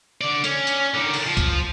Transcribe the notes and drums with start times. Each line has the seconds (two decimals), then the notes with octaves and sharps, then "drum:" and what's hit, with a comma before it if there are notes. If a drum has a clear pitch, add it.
0.21 D3 D5
0.44 C#4, drum: hi-hat
0.67 drum: hi-hat
0.94 D3 D#3
1.14 drum: open hi-hat
1.27 F3
1.37 drum: kick C#2, hi-hat